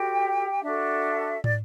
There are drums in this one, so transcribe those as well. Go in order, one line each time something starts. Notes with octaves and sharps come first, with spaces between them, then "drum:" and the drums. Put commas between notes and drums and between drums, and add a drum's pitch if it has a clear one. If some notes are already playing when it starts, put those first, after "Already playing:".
Already playing: F#4 G4 A4 C5 G5
D4 F#4 A4 E5
D5, drum: tom